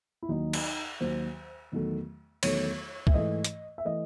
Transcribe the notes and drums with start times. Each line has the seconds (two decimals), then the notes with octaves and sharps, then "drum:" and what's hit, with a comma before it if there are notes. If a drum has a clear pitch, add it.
0.22 E4
0.29 D#2 D#3 F#3 D#4
0.53 drum: cymbal
1.00 D#2 D#3 F#3 C5
1.72 E2 D#3 F#3 A3
2.43 E2 D#3 F#3 A3 C#5, drum: cymbal
3.07 E5, drum: kick
3.14 G#2 E3 A3 D#5
3.44 drum: hi-hat
3.78 E5
3.85 E3 A3 D#5